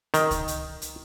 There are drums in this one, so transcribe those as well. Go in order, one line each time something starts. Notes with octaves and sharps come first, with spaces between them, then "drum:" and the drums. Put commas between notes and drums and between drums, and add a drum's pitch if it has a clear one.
D#3, drum: hi-hat
drum: kick C#2, hi-hat
drum: hi-hat
drum: hi-hat